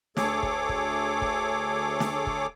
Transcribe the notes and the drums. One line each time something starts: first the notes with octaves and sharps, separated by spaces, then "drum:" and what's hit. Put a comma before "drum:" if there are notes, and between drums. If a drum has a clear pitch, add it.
D2 G#4 A4 C#5 D6, drum: snare
drum: kick
drum: kick
drum: kick
drum: snare
drum: kick